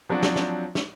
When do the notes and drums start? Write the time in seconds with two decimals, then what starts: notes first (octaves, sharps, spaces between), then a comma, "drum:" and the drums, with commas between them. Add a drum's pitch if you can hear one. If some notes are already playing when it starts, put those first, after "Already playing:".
0.09 F3 F#3 C4 D4 F#4
0.23 drum: snare
0.36 drum: snare
0.75 drum: snare